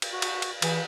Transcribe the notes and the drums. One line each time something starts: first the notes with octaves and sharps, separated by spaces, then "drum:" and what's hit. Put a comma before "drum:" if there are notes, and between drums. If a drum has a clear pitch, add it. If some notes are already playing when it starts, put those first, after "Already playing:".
drum: cymbal
F#4
drum: cymbal
drum: cymbal
E3 G#4, drum: cymbal